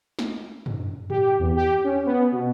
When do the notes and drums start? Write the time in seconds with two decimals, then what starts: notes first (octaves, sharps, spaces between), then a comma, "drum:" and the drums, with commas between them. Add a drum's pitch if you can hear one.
0.19 drum: snare
0.66 drum: tom
1.10 G4, drum: tom
1.39 E2
1.56 G4
1.84 C#4
2.06 B3
2.32 B2